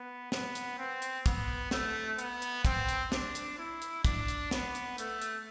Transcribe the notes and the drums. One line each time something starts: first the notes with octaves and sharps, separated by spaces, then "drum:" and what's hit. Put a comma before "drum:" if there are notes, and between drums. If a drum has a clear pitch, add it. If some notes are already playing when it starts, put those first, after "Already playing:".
Already playing: B3
B3, drum: snare
drum: hi-hat
C4
drum: hi-hat
B3, drum: kick, hi-hat
A3, drum: snare
B3, drum: hi-hat
drum: hi-hat
C4, drum: kick, hi-hat
drum: hi-hat
D4, drum: snare
drum: hi-hat
E4
drum: hi-hat
D4, drum: kick, hi-hat
drum: hi-hat
B3, drum: snare
drum: hi-hat
A3, drum: hi-hat
drum: hi-hat